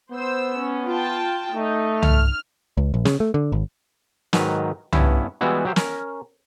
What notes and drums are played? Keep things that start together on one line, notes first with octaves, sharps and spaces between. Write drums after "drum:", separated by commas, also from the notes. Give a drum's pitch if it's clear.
B3 C5 E6
C#4
F4 G5 A5
A3 D#4
F6, drum: tom
C#2
A#1
C#3, drum: snare
A3
D3
G#1
G#2 D#3 F#3 B4 A#5, drum: snare
G2 B3 C#4 E4, drum: tom
E3 G3 G#3 B3 E4 F#4
F#3 G4 C5
C#4 A#4, drum: snare